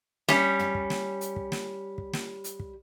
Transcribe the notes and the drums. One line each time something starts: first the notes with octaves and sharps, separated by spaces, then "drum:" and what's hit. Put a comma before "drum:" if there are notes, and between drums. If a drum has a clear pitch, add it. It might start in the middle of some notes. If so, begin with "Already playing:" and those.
G3 C#4, drum: snare
drum: tom
drum: kick
drum: snare
drum: hi-hat
drum: kick
drum: snare
drum: kick
drum: snare
drum: hi-hat
drum: kick